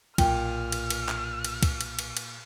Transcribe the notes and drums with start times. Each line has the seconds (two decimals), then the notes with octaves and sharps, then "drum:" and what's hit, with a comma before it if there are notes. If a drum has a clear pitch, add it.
0.18 B1 A#2 G5 F6, drum: kick, cymbal
0.72 drum: cymbal
0.90 drum: cymbal
1.08 drum: clap
1.45 drum: cymbal
1.63 drum: kick, cymbal
1.81 drum: cymbal
1.99 drum: cymbal
2.17 drum: cymbal